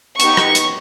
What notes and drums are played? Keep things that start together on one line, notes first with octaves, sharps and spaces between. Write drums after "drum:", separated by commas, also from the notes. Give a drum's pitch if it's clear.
B3 D#4 G4 C#6, drum: hi-hat
drum: rim click
drum: hi-hat